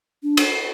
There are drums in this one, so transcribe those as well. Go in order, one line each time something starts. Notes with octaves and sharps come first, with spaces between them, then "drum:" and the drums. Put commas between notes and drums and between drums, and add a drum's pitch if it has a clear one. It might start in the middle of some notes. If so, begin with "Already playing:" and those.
D4
drum: cymbal